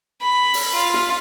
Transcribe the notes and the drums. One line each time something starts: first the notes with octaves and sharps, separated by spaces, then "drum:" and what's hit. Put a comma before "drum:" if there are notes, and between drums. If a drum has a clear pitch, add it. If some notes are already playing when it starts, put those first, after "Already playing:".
B5
drum: open hi-hat
F4
drum: snare